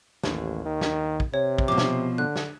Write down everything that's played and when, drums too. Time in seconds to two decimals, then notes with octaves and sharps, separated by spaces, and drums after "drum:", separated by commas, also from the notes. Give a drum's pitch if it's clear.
0.23 A1 D#2, drum: snare
0.65 D#3
0.81 drum: snare
1.20 drum: kick
1.34 C3 C#5
1.58 drum: kick
1.68 B2 F3 D6
1.78 drum: snare
2.18 D3 F#6
2.36 drum: snare